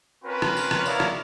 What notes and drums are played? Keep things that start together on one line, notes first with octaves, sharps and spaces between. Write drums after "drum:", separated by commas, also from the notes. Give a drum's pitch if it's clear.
C4 C#4 F4 A#4 B4
drum: rim click
drum: tambourine
drum: rim click
B3 E4 A#4 C#5 D5 F5, drum: tambourine
drum: rim click